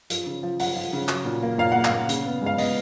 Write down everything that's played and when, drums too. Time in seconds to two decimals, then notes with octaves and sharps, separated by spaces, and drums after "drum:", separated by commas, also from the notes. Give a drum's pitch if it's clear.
0.10 F3, drum: hi-hat
0.26 C#3
0.43 F3
0.59 F3 F#5, drum: open hi-hat
0.75 F3
0.93 C#3
1.09 F#3, drum: clap
1.25 A#2
1.43 A#3
1.58 A#2 F5
1.72 A#3 F#5
1.85 F5, drum: clap
1.92 A#3
2.09 C#3, drum: hi-hat
2.24 B3
2.41 G#3 F5
2.58 B3 D#5, drum: open hi-hat